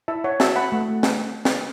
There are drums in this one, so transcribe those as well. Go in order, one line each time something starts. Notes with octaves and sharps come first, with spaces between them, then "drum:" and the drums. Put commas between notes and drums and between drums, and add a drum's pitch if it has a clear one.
E4 E5 A5
C#5 F#5
F#4 E5 A5, drum: snare
F#5 B5
A3
drum: snare
drum: snare